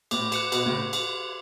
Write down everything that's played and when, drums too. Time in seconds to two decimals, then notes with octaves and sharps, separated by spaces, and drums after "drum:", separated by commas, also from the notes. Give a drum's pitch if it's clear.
0.11 A2 D6, drum: cymbal
0.32 F#6 C#7 E7, drum: cymbal
0.52 B2 F#6, drum: cymbal
0.66 A2 C#3
0.93 drum: cymbal